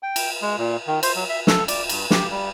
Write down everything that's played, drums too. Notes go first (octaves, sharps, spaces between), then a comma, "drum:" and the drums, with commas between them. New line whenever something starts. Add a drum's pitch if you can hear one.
G5
drum: cymbal
G#3
A#2
D#3
C5, drum: cymbal
F#3
E5
A4, drum: snare
D5, drum: cymbal
G2, drum: cymbal
G4, drum: snare
G3